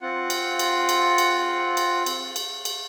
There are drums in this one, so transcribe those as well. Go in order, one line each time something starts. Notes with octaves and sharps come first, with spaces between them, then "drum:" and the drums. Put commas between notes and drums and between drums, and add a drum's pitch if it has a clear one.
C4 F4 F#5
drum: cymbal
drum: cymbal
drum: cymbal
drum: cymbal
drum: cymbal
drum: cymbal
drum: cymbal
drum: cymbal